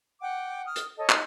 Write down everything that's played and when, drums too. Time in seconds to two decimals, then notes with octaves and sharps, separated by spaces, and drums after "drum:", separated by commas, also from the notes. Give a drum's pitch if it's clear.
0.21 F#5 G5 D6
0.65 D#6 F6
0.76 drum: hi-hat
0.96 A4 C#5 D#5
1.10 D#4, drum: clap